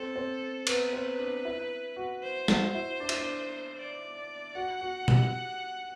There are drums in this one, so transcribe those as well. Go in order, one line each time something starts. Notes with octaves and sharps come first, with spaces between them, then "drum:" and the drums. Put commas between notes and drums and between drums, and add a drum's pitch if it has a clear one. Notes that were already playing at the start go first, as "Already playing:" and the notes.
Already playing: C4 A4
C4
B3 B4, drum: cymbal
C4
D4
E4
F#4
C5
F#4, drum: snare
E4
D4
E4, drum: cymbal
D4
D5
F#4 F#5
F#4
G4, drum: tom B2